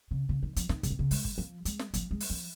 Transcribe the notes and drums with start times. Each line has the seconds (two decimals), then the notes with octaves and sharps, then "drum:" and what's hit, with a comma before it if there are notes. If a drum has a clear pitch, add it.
0.11 C#3
0.29 C#3
0.43 D#3
0.56 F3, drum: hi-hat
0.69 D#3, drum: snare
0.83 C#3, drum: kick, hi-hat
0.90 D#3
0.99 C#3
1.11 G#3, drum: open hi-hat
1.25 drum: kick
1.38 F3
1.65 G#3, drum: hi-hat
1.79 drum: snare
1.94 F3, drum: kick, hi-hat
2.11 G#3
2.20 drum: open hi-hat
2.30 F3